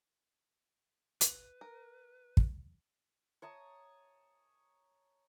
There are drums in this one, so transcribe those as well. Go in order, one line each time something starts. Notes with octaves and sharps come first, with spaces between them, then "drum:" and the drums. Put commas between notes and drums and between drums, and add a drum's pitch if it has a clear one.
B4, drum: hi-hat
A#4
drum: kick
C#5 A5 A#5 D#6